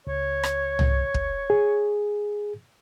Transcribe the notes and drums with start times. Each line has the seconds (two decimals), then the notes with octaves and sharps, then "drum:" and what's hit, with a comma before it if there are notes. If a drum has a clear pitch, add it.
0.07 C#2 C#5
0.43 drum: rim click
0.79 drum: tom C2
1.14 drum: kick
1.50 G#4